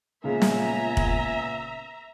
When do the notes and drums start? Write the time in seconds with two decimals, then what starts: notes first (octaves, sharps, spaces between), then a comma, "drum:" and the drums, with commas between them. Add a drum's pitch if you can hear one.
0.24 C#2 A#2 C#3 G#3 B3 E5 G#5 A#5
0.42 drum: snare
0.97 drum: kick F1